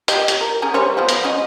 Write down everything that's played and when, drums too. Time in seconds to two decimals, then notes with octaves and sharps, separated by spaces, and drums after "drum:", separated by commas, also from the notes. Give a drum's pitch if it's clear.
0.08 G4 D#5, drum: hi-hat
0.28 drum: hi-hat
0.41 A#4
0.62 C#4 G#4 A#4
0.74 G3 C5 C#5
0.97 F3 B3
1.09 drum: hi-hat
1.24 G#3 C#4 D#5